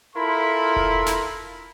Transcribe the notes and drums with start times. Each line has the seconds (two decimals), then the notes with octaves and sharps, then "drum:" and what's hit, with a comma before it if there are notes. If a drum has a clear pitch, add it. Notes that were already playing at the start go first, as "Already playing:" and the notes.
0.16 E4 F4 A4 A#4 B5 C6
0.76 drum: kick E1
1.07 drum: snare